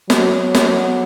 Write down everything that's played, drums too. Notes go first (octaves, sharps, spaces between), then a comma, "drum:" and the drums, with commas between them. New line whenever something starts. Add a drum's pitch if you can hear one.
F#3, drum: snare
drum: snare